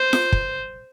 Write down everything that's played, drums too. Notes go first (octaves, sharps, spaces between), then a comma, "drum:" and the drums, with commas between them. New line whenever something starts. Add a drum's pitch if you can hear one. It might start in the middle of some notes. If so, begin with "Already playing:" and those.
Already playing: C5
drum: snare
drum: kick